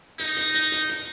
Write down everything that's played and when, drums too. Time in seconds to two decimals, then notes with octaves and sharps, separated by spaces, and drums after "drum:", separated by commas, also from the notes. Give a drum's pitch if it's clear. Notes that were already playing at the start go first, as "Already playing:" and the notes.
0.19 D#4, drum: hi-hat
0.37 drum: hi-hat
0.54 drum: hi-hat
0.72 drum: hi-hat
0.90 drum: hi-hat